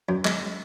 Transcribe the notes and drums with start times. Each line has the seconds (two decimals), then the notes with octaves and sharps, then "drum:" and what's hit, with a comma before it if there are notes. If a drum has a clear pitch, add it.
0.09 F#2
0.25 G#3, drum: clap